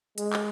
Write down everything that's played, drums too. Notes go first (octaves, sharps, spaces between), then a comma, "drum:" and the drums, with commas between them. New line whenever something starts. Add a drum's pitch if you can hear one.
G#3, drum: hi-hat
drum: clap